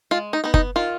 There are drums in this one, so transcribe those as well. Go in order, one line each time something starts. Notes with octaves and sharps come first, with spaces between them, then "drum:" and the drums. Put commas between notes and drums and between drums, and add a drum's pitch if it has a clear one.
G#3 F4
D#4
B3 D#4
D#4, drum: kick F#1
D#3 F4